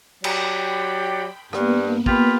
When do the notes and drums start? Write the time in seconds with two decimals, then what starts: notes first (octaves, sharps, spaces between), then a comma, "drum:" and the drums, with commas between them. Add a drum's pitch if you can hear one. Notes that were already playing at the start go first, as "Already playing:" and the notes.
0.24 F#3 G4 D5 G5 B5, drum: cymbal
1.53 G2 A#3 B3, drum: rim click
2.06 F4 G4 B4, drum: kick